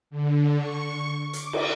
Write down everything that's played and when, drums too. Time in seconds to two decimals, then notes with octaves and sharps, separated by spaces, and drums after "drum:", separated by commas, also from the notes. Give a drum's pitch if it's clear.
0.10 D3
0.57 C#6
1.33 D6, drum: hi-hat
1.53 drum: cymbal